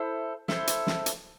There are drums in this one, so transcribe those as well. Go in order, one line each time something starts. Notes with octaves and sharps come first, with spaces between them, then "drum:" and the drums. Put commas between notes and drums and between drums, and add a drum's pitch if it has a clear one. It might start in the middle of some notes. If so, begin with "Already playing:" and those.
Already playing: E4 A4 C5
E4 A4 C5, drum: snare
drum: hi-hat
drum: snare
drum: hi-hat